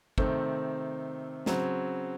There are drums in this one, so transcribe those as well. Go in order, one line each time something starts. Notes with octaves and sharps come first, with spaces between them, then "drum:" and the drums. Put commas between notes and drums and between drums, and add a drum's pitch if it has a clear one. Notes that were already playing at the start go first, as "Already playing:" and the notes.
C3 D#3 A3 C4, drum: kick
C#3 F#3 C4, drum: snare